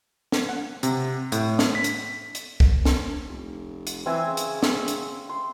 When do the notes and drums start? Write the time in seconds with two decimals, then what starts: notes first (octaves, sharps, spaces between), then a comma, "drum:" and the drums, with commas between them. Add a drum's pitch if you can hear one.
0.32 drum: snare
0.49 F#5
0.83 C3, drum: hi-hat
1.32 A2, drum: hi-hat
1.59 drum: snare
1.75 B6
1.84 drum: hi-hat
2.35 drum: hi-hat
2.60 drum: kick
2.85 drum: snare
3.28 F1
3.87 drum: hi-hat
4.06 E3 C4 E5 G#5
4.27 C#3
4.37 drum: hi-hat
4.63 drum: snare
4.88 drum: hi-hat
5.29 C6